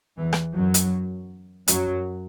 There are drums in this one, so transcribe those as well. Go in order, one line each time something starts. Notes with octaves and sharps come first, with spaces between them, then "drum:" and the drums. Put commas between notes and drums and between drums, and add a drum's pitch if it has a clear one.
E2 E3
drum: rim click
F#2 F#3
drum: hi-hat
F#2 F#3, drum: hi-hat